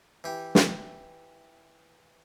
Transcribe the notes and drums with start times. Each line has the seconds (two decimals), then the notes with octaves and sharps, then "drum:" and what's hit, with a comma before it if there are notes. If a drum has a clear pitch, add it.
0.24 E3 G4
0.55 drum: snare